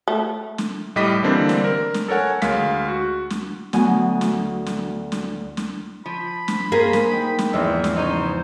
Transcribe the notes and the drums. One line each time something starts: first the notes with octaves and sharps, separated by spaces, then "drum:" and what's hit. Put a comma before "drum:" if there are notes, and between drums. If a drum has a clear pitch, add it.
A3
drum: snare
A2 G3 D#5 D6 B6
D3 E3 G3 A#3 C4 D4
drum: snare
A#4
drum: snare
A4 A#4 C#5 F#5 G#5
D2 G#3 F5 B6, drum: snare
F#4
drum: snare
D2 F#3 B3 G#5, drum: snare
drum: snare
drum: snare
drum: snare
drum: snare
F3 B5
drum: snare
A#3 G#4 C5
drum: snare
D#4 G5
drum: snare
E2 G#2 F3 G#3 E5
drum: snare
C#3 D#4 C5